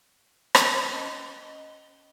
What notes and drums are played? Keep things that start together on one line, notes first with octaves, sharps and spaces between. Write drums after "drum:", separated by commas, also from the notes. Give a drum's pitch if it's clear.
drum: rim click
C#4 D#5 G7